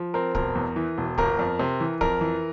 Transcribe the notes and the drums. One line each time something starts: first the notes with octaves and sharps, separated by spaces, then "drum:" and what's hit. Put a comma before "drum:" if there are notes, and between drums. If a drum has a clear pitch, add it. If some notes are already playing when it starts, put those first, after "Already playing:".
Already playing: F3
C4 A#4
E1 A#4, drum: kick
E2
E3
E1
G1 A#4, drum: kick
F2
C3
E3
F2 A#4, drum: kick
E3